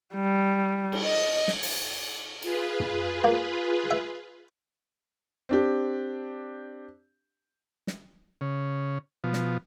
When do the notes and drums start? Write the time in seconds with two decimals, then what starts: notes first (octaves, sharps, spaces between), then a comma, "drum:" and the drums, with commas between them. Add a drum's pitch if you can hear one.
0.15 G3
0.92 drum: cymbal
1.04 D#5
1.48 drum: snare
1.62 drum: open hi-hat
2.42 F4 G#4 B4, drum: cymbal
2.80 drum: tom
3.24 A#3
3.91 E5
5.49 C4 D4 G4
7.87 drum: snare
8.41 C#3
9.24 B2 F3
9.33 drum: snare